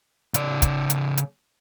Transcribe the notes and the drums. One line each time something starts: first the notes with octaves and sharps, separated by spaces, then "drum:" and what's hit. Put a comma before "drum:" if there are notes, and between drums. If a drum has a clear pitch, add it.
C#3 D5, drum: hi-hat
drum: kick, hi-hat
drum: hi-hat
drum: hi-hat